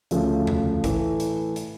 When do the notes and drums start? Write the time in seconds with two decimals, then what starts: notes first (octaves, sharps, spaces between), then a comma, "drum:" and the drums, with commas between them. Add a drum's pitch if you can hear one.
0.11 D2 C#3 F3 A3, drum: hi-hat
0.47 drum: tom E2
0.84 A2 E3 A3, drum: kick, hi-hat
1.20 drum: hi-hat
1.56 drum: hi-hat